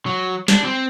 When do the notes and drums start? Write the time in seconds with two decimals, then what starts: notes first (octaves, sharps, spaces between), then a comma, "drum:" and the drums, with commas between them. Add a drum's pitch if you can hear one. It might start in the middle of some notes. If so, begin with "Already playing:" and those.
0.06 F#3
0.48 D4, drum: snare
0.64 C4